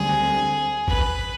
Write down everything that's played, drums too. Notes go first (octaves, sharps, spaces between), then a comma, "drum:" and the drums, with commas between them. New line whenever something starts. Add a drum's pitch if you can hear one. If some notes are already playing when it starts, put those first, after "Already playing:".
Already playing: D2 D3 G3 C4 G#4
B4, drum: kick G#1